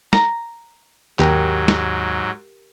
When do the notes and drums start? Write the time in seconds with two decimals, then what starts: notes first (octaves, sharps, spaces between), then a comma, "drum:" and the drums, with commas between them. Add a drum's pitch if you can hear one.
0.13 A#5, drum: snare
1.19 D#2 G#2 F#3 G4 A#4, drum: clap
1.68 drum: snare